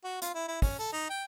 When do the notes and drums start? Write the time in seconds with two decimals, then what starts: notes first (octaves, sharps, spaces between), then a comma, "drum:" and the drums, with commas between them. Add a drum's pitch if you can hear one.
0.04 F#4
0.22 F4, drum: hi-hat
0.35 E4
0.48 E4
0.62 C#4, drum: kick, open hi-hat
0.79 A4
0.93 D#4
1.10 G5